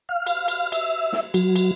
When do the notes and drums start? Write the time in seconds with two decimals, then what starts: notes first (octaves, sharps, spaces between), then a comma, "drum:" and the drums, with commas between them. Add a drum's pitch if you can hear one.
0.09 F5
0.27 drum: cymbal
0.48 drum: cymbal
0.72 E5, drum: cymbal
1.13 drum: snare
1.34 F#3, drum: cymbal
1.56 drum: cymbal